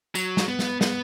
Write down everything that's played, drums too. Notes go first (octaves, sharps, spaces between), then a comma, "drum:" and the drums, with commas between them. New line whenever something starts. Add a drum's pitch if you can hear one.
F#3, drum: tambourine
drum: snare
B3
drum: snare
B3, drum: snare